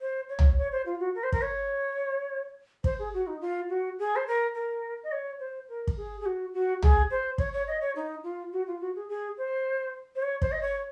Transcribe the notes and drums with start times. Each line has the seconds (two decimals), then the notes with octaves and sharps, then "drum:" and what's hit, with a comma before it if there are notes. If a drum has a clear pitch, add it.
0.01 C5
0.29 C#5
0.39 drum: tom
0.58 C#5
0.72 C5
0.86 F4
1.00 F#4
1.15 A#4
1.23 C5
1.32 A#4, drum: kick
1.42 C#5
2.84 C5, drum: kick
2.99 G#4
3.14 F#4
3.27 D#4
3.41 F4
3.69 F#4
3.99 G#4
4.16 C5
4.27 A#4
4.54 A#4
5.03 D#5
5.12 C#5
5.40 C5
5.69 A#4
5.87 drum: kick
5.97 G#4
6.20 G#4
6.26 F#4
6.54 F#4
6.82 G#4, drum: tom
7.11 C5
7.38 C#5, drum: kick
7.53 C#5
7.67 D#5
7.81 C#5
7.96 D#4
8.23 F4
8.53 F#4
8.67 F4
8.81 F#4
8.96 G#4
9.09 G#4
9.38 C5
10.16 C5
10.22 C#5
10.42 C5, drum: kick
10.52 D#5
10.61 C#5